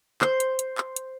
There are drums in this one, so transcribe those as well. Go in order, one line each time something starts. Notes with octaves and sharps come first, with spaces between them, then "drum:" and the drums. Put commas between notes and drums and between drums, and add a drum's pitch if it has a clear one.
C5, drum: clap
drum: hi-hat
drum: hi-hat
drum: clap
drum: hi-hat